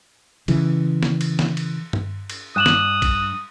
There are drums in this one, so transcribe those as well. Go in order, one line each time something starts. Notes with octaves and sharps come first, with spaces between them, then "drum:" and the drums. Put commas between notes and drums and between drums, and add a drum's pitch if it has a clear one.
C#3 E3, drum: cymbal
drum: snare
drum: cymbal
drum: snare
drum: cymbal
drum: tom G2
drum: cymbal
G2 D#6 F#6 E7 F#7
drum: snare
drum: kick A1, cymbal